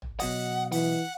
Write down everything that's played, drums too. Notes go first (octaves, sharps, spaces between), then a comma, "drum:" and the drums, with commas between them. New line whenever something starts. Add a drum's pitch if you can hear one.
drum: tom
B2 F#3 D#5 F#5, drum: open hi-hat
E3 F#5, drum: open hi-hat